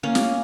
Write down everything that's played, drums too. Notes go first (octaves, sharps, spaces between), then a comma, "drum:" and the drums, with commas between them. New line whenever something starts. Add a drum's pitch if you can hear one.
A#3 C#4
drum: snare